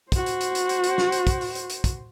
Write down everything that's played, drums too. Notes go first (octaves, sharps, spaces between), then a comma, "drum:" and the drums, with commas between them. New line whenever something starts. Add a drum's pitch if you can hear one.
F#4 C5, drum: kick, hi-hat
drum: hi-hat
drum: hi-hat
drum: hi-hat
drum: hi-hat
drum: hi-hat
drum: snare
drum: hi-hat
drum: kick, hi-hat
drum: open hi-hat
drum: hi-hat
drum: hi-hat
drum: kick, hi-hat